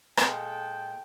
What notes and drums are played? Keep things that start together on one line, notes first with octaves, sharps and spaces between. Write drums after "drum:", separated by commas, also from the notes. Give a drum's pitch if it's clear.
A#2 G#3 A4 G5, drum: rim click